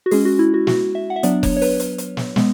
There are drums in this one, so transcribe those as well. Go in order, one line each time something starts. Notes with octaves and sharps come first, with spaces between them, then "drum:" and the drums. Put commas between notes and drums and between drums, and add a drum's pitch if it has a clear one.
F#4
G#3 C#4 G#4, drum: open hi-hat
F#4
E4
F#4
F#4, drum: snare
E5
F#5
E5
F#3 B3 D4 D5, drum: hi-hat
C#5, drum: kick F1, open hi-hat
C#5
B4, drum: open hi-hat
drum: hi-hat
drum: hi-hat
drum: snare
G#3 B3, drum: snare